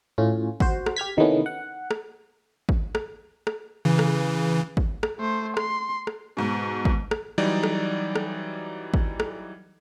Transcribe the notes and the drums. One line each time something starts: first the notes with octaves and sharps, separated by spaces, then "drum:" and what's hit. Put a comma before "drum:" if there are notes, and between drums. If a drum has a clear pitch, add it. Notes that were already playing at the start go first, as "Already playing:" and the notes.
A2 C#4 F4
F#4 C5, drum: kick G#1
drum: rim click
G4 F6 G#6 B6
C3 D#3 E3 A3 B3 C#4
F#5
drum: rim click
drum: kick G#1
drum: rim click
drum: rim click
C#3 E3
drum: rim click
drum: kick G#1
drum: rim click
A3 C5
C6, drum: rim click
drum: rim click
G#2 B2
drum: kick G#1
drum: rim click
E3 F#3 G3 D#4 D5
drum: rim click
drum: rim click
drum: kick G#1
drum: rim click